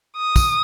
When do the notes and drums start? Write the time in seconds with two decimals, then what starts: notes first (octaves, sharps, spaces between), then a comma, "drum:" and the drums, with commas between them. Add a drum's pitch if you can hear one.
0.17 D#6
0.36 drum: kick, tambourine